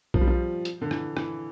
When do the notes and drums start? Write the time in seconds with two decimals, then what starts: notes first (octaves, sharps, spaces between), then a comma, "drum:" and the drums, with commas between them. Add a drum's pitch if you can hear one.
0.14 F3, drum: kick A#1
0.21 G3
0.28 F3
0.65 drum: hi-hat
0.82 D3
0.91 E3, drum: rim click
1.17 E3, drum: rim click